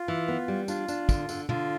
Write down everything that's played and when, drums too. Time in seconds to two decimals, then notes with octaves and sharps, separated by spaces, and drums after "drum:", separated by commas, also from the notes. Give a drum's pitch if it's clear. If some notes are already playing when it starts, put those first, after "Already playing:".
Already playing: F4
0.08 E3
0.28 B3
0.48 G3
0.68 D4 F4, drum: tambourine
0.88 D4, drum: tambourine
1.09 D3, drum: kick, tambourine
1.29 D3, drum: tambourine
1.49 D3 F4, drum: tom